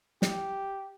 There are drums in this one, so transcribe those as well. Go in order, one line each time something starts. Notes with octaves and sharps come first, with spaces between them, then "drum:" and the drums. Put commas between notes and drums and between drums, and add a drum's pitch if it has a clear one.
G4, drum: snare